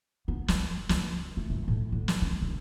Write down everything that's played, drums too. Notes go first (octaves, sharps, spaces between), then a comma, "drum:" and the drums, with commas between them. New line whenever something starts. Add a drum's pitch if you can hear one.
B3
D2, drum: snare
C#2, drum: snare
A3
F#2
A2
D3
drum: snare
C#4
C#3